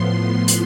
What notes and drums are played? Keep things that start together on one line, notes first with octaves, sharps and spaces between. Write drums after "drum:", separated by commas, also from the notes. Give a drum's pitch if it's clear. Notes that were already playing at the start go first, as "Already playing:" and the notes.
Already playing: A2 F3 B3 C6
drum: hi-hat